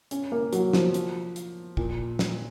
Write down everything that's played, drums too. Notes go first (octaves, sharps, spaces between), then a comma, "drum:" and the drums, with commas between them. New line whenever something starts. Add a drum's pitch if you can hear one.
C#4, drum: hi-hat
A#3
F#3, drum: hi-hat
F3, drum: snare
drum: hi-hat
drum: hi-hat
A#2, drum: kick
drum: snare